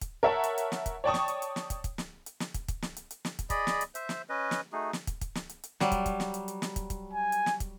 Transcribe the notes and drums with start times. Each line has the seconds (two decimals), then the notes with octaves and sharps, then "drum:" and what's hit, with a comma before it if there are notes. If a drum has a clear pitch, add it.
0.01 drum: kick, hi-hat
0.23 A#4 C#5 E5 F#5 A5
0.44 drum: hi-hat
0.58 drum: hi-hat
0.72 drum: snare
0.86 drum: kick, hi-hat
1.04 C#5 D5 G5 A5 C#6 D#6
1.14 drum: snare
1.28 drum: hi-hat
1.42 drum: hi-hat
1.56 drum: snare
1.70 drum: kick, hi-hat
1.84 drum: kick, hi-hat
1.98 drum: snare
2.26 drum: hi-hat
2.40 drum: snare
2.54 drum: kick, hi-hat
2.68 drum: kick, hi-hat
2.82 drum: snare
2.97 drum: hi-hat
3.11 drum: hi-hat
3.25 drum: snare
3.39 drum: kick, hi-hat
3.50 G#4 D5 D#5 B5, drum: kick, hi-hat
3.67 drum: snare
3.81 drum: hi-hat
3.95 C5 E5, drum: hi-hat
4.09 drum: snare
4.29 C#4 B4 D#5
4.51 drum: snare
4.73 A3 D#4 F#4 G#4
4.93 drum: snare
5.07 drum: kick, hi-hat
5.21 drum: kick, hi-hat
5.35 drum: snare
5.49 drum: hi-hat
5.64 drum: hi-hat
5.80 F#3 G3, drum: snare
5.92 drum: kick, hi-hat
6.06 drum: kick, hi-hat
6.20 drum: snare
6.34 drum: hi-hat
6.48 drum: hi-hat
6.62 drum: snare
6.76 drum: kick, hi-hat
6.90 drum: kick, hi-hat
7.13 G#5
7.32 drum: hi-hat
7.46 drum: snare
7.60 drum: kick, hi-hat